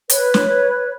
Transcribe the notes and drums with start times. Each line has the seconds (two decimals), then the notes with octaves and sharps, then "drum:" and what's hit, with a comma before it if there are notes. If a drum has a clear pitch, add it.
0.10 B4 C#5, drum: hi-hat
0.34 drum: snare